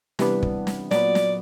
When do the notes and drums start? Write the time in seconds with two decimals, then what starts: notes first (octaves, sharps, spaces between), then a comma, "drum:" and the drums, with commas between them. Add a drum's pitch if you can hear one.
0.19 C3 E3 G3 B3 D4, drum: snare
0.43 drum: kick
0.67 drum: snare
0.91 A#2 F#3 B3 D5, drum: snare
1.15 drum: snare